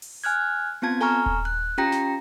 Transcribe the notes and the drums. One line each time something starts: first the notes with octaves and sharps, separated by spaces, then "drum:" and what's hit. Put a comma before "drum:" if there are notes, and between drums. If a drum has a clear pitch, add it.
drum: open hi-hat
G#5 F6 F#6 G#6
B3 C4 F4 A5 G#6
A4 G#5 A#5 C#6 F6
drum: kick D#1
F#6
C#4 F4 G4 G5 A#5 A#6
drum: snare